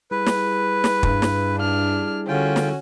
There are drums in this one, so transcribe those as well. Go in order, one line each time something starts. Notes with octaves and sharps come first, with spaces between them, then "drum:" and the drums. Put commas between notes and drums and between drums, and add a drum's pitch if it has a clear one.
G3 E4 G#4 B4
drum: snare
drum: snare
G2, drum: kick
drum: snare
D4 F6
D3 C#4 F4 F#4 G5
drum: snare